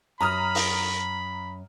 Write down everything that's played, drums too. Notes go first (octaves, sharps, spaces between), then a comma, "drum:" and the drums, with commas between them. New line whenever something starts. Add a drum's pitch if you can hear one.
F#2 A#5 B5 D#6 F6
drum: open hi-hat